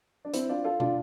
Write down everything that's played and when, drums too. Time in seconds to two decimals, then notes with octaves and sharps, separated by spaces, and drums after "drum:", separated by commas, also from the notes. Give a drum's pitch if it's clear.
0.25 D4
0.33 C4 E4, drum: hi-hat
0.49 D4 F4
0.64 F4 A4
0.80 D4 F4, drum: tom